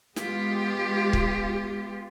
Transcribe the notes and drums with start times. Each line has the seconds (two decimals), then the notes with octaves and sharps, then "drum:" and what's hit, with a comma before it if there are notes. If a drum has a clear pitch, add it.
0.16 G#3 B3 F4 G4, drum: snare
1.13 drum: kick C#1